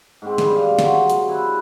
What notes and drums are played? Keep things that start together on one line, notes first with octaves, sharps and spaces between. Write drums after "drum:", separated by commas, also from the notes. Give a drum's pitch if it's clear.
G#2 C4
G2 B5, drum: snare
F5
C3 F#3 G#4 C6, drum: snare
drum: hi-hat
E4 B4